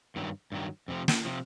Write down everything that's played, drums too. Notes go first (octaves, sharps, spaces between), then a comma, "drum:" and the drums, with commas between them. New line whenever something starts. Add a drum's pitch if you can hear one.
G2 D#3 F#3
G2 D#3 F#3
F2 C3 F3
drum: snare
C3 F3